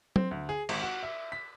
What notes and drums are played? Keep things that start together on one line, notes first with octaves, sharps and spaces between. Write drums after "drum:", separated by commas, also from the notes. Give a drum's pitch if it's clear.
C4, drum: tom F#3
D2
G#4
G#1, drum: cymbal
F#4
E5
B6